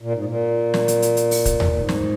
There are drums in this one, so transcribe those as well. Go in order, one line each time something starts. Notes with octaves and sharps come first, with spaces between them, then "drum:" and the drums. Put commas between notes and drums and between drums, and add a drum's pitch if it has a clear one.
A#2
G#2
A#2
drum: snare
drum: hi-hat
drum: hi-hat
drum: hi-hat
drum: open hi-hat
drum: kick, hi-hat
drum: tom D#2
G#2
drum: snare